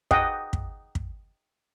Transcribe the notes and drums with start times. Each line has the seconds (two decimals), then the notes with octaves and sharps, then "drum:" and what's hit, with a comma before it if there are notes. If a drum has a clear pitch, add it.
0.11 D#5 F#5 G5, drum: kick
0.53 drum: kick
0.95 drum: kick